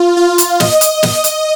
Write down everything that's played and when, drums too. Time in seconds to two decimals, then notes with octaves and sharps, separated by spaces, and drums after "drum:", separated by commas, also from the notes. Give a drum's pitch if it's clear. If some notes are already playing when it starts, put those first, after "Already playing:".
Already playing: F4
0.17 F4
0.38 drum: hi-hat
0.60 D#5, drum: snare
0.81 drum: hi-hat
1.03 D#5, drum: snare
1.24 drum: hi-hat